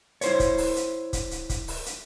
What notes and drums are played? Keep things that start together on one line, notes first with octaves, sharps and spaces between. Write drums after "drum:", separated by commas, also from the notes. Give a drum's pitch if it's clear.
E4 C5 C#5, drum: hi-hat
drum: kick, hi-hat
drum: open hi-hat
drum: hi-hat
drum: kick, hi-hat
drum: hi-hat
drum: kick, hi-hat
drum: open hi-hat
drum: hi-hat